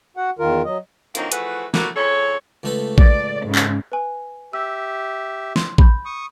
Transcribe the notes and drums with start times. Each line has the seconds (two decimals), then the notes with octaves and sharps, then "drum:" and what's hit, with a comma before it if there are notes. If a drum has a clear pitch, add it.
0.17 F#4 F#5
0.39 E2 D#3 F4 A#4
0.65 F#3 D#5
1.15 D3 F3 F#3 A#3 C4 D#4, drum: hi-hat
1.32 E3 F3 A3 F#4 G#4 B4, drum: hi-hat
1.74 A3 A#3 E4 F#4, drum: snare
1.96 F2 C#3 A4 C#5
2.63 C#2 A3 B4
2.98 D5, drum: kick A1
3.45 G#2 C#3
3.55 drum: clap
3.92 B4 G#5
4.53 G4 E5 E6
5.56 C6, drum: snare
5.78 B5 G6, drum: kick A1
6.05 C#6 D#6